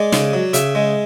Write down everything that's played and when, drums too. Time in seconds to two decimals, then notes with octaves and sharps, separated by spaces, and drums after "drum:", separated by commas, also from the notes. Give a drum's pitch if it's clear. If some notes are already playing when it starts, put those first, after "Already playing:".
Already playing: G#3 D5
0.12 C#3, drum: snare
0.33 F#3
0.53 C#3 E5, drum: hi-hat
0.75 G#3